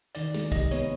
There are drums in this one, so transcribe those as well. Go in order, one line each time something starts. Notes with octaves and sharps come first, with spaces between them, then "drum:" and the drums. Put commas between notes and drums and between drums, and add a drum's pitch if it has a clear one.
D#3 D5, drum: hi-hat
G#3, drum: hi-hat
C3 D#5, drum: kick, hi-hat
B3 C#5, drum: hi-hat